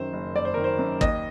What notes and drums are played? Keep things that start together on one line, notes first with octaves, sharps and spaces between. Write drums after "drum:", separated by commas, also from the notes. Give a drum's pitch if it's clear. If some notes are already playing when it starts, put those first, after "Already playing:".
Already playing: F#2 D#3 C5
F#1
F#1 D5
C5
D#3 A#4
C5
F#2
D#2 D#5, drum: kick